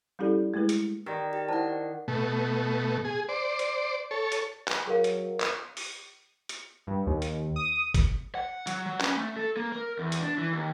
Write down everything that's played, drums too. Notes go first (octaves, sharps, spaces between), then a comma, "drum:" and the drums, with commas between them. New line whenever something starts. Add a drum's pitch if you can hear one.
G3 C#4 E4 G4 A4 D5
G#3 A3 E4 G#4 B4
drum: hi-hat
D#3 G4 D5
G4
E4 C5 D5 F#5 A5
B2 A3
G#4
C5 D5
drum: hi-hat
A4 C#5
drum: hi-hat
drum: clap
F#3 G#4 A#4 F5
drum: hi-hat
drum: clap
drum: open hi-hat
drum: hi-hat
G2
D#2
drum: hi-hat
D#6
drum: kick, hi-hat
F#5
F#3, drum: hi-hat
F#3
C#4, drum: clap
A3
A4
A#3
A#4
E2
drum: hi-hat
D4
E3
D#2